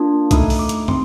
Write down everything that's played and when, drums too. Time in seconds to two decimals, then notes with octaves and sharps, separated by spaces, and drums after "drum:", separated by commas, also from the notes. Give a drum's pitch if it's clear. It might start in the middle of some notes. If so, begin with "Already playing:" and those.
Already playing: A#3 D4 F4
0.31 A3 D#4 A4 D#6, drum: kick, hi-hat
0.50 drum: open hi-hat
0.59 D6
0.69 drum: hi-hat
0.88 C4 C6, drum: tom